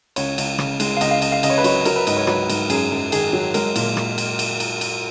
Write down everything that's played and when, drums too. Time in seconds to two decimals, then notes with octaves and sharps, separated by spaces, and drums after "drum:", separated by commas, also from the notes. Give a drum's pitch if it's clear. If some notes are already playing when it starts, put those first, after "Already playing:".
0.16 C#2 C#5, drum: cymbal
0.38 C#2, drum: cymbal
0.58 C#3, drum: rim click
0.80 G#3, drum: cymbal
0.97 F5
1.01 C#2 D#5, drum: cymbal
1.11 F5
1.22 C#2 D#5, drum: cymbal
1.32 F5
1.43 C#3 D#5, drum: cymbal
1.50 C#5
1.58 B4
1.64 F#3 C#5, drum: cymbal
1.85 F#3 A#4, drum: cymbal
1.96 B4
2.07 G#2 D#5, drum: cymbal
2.17 C#5
2.27 F#3 B4, drum: rim click
2.49 G#2, drum: cymbal
2.70 F#2 G#4, drum: cymbal
2.91 F#2
3.12 D#3 G#4, drum: cymbal
3.33 F#3
3.54 G#3 A#4, drum: cymbal
3.76 A#2, drum: cymbal
3.97 drum: rim click
4.18 drum: cymbal
4.39 drum: cymbal
4.60 drum: cymbal
4.81 drum: cymbal